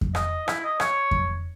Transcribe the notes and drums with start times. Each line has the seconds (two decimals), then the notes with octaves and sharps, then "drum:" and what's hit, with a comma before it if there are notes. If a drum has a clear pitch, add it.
0.01 drum: kick F2
0.15 D#5, drum: rim click
0.48 E4, drum: rim click
0.64 D#5
0.80 C#5, drum: rim click
1.11 drum: kick F2